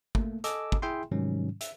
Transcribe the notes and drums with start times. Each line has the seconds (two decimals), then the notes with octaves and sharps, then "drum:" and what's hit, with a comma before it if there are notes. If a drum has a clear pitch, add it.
0.15 A3 A#3, drum: kick
0.44 A4 D#5 G#5 D6 E6, drum: hi-hat
0.72 drum: kick
0.82 E4 G#4 E5 G5 G#5 C6
1.11 G#2 C3 D#3 F#3 G3 C#4
1.61 E5, drum: hi-hat